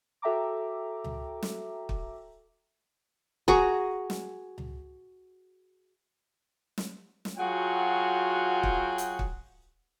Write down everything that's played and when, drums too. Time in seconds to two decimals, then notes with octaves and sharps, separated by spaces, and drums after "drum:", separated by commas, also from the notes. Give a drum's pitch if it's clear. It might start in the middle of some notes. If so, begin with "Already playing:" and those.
0.22 F#4 A4 E5 G5 A#5 D6
1.04 drum: tom C#2
1.42 drum: snare
1.89 drum: kick
3.48 F#4 G#4 A#5 C#6, drum: kick
4.10 drum: snare
4.58 drum: tom C#2
6.78 drum: snare
7.25 drum: snare
7.38 F#3 F4 F#4 G#4 F#5 G5
8.63 drum: kick
8.98 drum: hi-hat
9.19 drum: kick